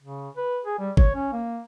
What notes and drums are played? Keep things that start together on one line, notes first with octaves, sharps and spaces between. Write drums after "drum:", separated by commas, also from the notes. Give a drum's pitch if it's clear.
C#3
B4
G#4
G3
C#5, drum: kick G1
C#4
A#3